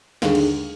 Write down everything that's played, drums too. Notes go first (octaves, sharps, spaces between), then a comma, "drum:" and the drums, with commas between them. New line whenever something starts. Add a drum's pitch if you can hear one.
D#2 D3 G#3 F5, drum: snare
drum: cymbal